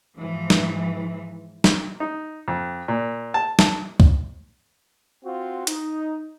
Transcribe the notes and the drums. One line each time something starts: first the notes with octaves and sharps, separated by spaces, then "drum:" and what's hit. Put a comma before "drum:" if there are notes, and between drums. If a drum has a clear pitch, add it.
G#2 E3 F3
drum: snare
drum: snare
D#4
F2
A#2
A5
A5, drum: snare
drum: kick
C4 F4 F#4
D#4, drum: hi-hat